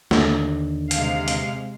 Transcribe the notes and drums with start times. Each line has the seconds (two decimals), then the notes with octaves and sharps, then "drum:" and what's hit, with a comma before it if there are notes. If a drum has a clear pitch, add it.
0.11 D#2 D3, drum: snare
0.91 C3 G#3 F5, drum: hi-hat
1.28 drum: hi-hat